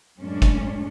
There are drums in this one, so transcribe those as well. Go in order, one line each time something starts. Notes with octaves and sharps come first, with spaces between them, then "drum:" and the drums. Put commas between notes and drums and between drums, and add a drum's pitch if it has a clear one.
F#2 A2 G#3 C#4 D4
drum: kick, hi-hat